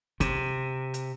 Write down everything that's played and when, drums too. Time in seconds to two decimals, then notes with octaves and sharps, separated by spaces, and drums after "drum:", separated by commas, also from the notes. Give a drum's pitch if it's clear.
0.20 C3, drum: kick, hi-hat
0.94 drum: hi-hat